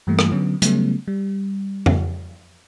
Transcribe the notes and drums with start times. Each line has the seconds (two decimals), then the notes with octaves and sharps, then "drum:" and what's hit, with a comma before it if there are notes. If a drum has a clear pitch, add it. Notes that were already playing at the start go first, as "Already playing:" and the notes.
0.07 G2 E3 G3 A3 A#3
0.19 drum: rim click
0.32 D3 F#3 B3 C#4
0.62 C#3 F#3 G3 A3 B3 C#4, drum: hi-hat
1.08 G3
1.86 drum: tom F2